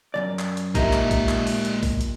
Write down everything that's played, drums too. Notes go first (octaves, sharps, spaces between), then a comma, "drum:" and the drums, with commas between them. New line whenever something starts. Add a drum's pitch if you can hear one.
F#2 C#3 D5
drum: clap
drum: hi-hat
A#2 G#3 D#4 G4 A#4 E5, drum: kick, hi-hat
drum: clap
drum: kick, hi-hat
drum: clap
drum: open hi-hat
drum: hi-hat
drum: kick, open hi-hat
drum: hi-hat